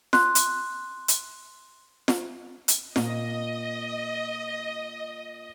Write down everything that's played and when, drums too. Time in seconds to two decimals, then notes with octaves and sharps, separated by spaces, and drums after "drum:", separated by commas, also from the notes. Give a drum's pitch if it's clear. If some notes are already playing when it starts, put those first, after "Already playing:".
0.13 C6 F#6, drum: snare F4
0.35 drum: hi-hat
1.08 drum: hi-hat
2.08 drum: snare F4
2.68 drum: hi-hat
2.96 A#2 D#5, drum: snare F4